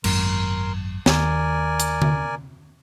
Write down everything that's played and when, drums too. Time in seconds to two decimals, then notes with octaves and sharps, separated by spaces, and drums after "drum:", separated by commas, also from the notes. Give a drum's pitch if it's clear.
0.04 G#1 F#2 A#4 C6, drum: cymbal
1.06 D#2 A#4 D5 G#5, drum: snare
1.80 drum: hi-hat
2.02 drum: tom D3